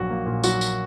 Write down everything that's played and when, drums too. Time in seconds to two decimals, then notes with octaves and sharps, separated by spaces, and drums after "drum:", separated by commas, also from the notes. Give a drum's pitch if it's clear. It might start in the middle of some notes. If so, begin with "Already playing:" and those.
Already playing: A#1 F#3 F#4
0.10 A#3
0.26 A#2
0.44 F#3 F#4, drum: tambourine
0.61 drum: tambourine